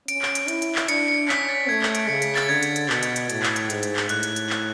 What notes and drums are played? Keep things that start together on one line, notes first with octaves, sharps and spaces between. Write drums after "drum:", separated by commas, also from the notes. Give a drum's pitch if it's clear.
C#4 D7, drum: hi-hat
drum: clap
drum: hi-hat
E4, drum: hi-hat
drum: hi-hat
drum: clap
D4 C#7, drum: hi-hat
C#7
C#4 B6, drum: clap
A6
A3 G#6
drum: clap
D7, drum: hi-hat
C#3 C#7
B6, drum: hi-hat
A6, drum: clap
D3 G#6
drum: hi-hat
drum: hi-hat
B2, drum: clap
drum: hi-hat
drum: hi-hat
A2, drum: hi-hat
drum: clap
drum: hi-hat
G#2, drum: hi-hat
drum: hi-hat
drum: clap
A2 F#6, drum: hi-hat
drum: hi-hat
drum: hi-hat
drum: clap